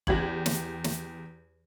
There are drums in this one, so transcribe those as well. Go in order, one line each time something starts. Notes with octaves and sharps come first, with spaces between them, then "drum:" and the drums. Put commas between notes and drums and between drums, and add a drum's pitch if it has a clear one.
E2 G4 G#6 F#7, drum: kick G1
drum: snare
drum: snare